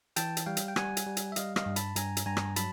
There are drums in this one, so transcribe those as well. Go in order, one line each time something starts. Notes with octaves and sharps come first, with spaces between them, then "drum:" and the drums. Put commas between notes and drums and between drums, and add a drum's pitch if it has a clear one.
E3 G5 A5, drum: hi-hat
drum: hi-hat
G3 F5 G5
drum: hi-hat
G5
G3 F#5 G#5, drum: rim click
drum: hi-hat
G3
drum: hi-hat
E5
G3 D#5 F5, drum: hi-hat
D#5 F5, drum: rim click
G2
A5 B5, drum: hi-hat
G2 G#5 A#5, drum: hi-hat
drum: hi-hat
G2 G#5 A#5
drum: rim click
F#3 A5 B5, drum: hi-hat